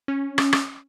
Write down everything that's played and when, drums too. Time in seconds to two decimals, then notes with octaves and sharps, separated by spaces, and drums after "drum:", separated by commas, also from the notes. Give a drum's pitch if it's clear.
0.08 C#4
0.38 drum: rim click
0.53 drum: rim click